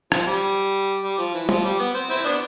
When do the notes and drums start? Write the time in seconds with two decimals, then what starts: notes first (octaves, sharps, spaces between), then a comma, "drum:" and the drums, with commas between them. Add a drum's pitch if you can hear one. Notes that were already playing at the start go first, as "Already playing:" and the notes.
0.12 F3, drum: rim click
0.26 G3
1.03 G3
1.18 F3
1.34 E3
1.49 F3, drum: tom
1.64 G3
1.79 B3
1.94 C4
2.10 C4 E4
2.24 B3 D4